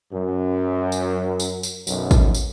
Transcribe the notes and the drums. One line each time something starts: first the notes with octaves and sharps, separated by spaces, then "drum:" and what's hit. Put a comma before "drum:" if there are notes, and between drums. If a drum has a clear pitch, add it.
F#2
drum: tambourine
drum: tambourine
drum: tambourine
B1 F#2, drum: tambourine
drum: kick A1, tambourine
drum: tambourine